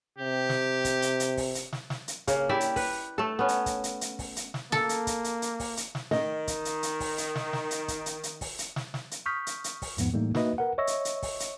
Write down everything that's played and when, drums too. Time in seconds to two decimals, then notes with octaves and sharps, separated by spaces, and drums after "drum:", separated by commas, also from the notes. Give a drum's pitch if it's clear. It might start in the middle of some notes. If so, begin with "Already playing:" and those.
0.19 C3 G4
0.49 drum: snare
0.85 drum: kick, hi-hat
1.02 drum: hi-hat
1.20 drum: hi-hat
1.37 drum: kick, open hi-hat
1.55 drum: hi-hat
1.73 drum: snare
1.90 drum: snare
2.08 drum: hi-hat
2.27 C#3 A#3, drum: kick, hi-hat
2.49 E4 G4 D5 E5
2.60 drum: hi-hat
2.76 B4, drum: kick, open hi-hat
3.18 A3 A4
3.39 B3 C#4
3.48 drum: hi-hat
3.66 drum: kick, hi-hat
3.84 drum: hi-hat
4.01 drum: hi-hat
4.19 drum: kick, open hi-hat
4.36 drum: hi-hat
4.54 drum: snare
4.72 A#3 A4, drum: snare
4.89 drum: hi-hat
5.07 drum: kick, hi-hat
5.24 drum: hi-hat
5.42 drum: hi-hat
5.60 drum: kick, open hi-hat
5.77 drum: hi-hat
5.95 drum: snare
6.11 D#3 D#5, drum: snare
6.48 drum: kick, hi-hat
6.65 drum: hi-hat
6.83 drum: hi-hat
7.00 drum: kick, open hi-hat
7.18 drum: hi-hat
7.35 drum: snare
7.53 drum: snare
7.71 drum: hi-hat
7.88 drum: kick, hi-hat
8.06 drum: hi-hat
8.23 drum: hi-hat
8.41 drum: kick, open hi-hat
8.59 drum: hi-hat
8.76 drum: snare
8.94 drum: snare
9.11 drum: hi-hat
9.26 C#6 D#6 F6 G6 B6
9.47 drum: hi-hat
9.64 drum: hi-hat
9.82 drum: kick, open hi-hat
9.98 E2 G#2 F3 B3, drum: hi-hat
10.13 A2 E3 G3 A3 A#3 D#4
10.35 A#3 D#4 F#4 B4 D#5 E5, drum: snare
10.58 A#4 B4 F#5
10.78 C#5 D#5 E5 C#6 E6 A#6
10.87 drum: hi-hat
11.05 drum: hi-hat
11.22 drum: kick, open hi-hat
11.40 drum: hi-hat